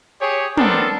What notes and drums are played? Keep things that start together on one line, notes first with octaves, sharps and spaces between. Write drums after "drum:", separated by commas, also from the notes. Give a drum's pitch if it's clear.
G4 G#4 C#5
B3 C4 D4 A4 A#4, drum: tom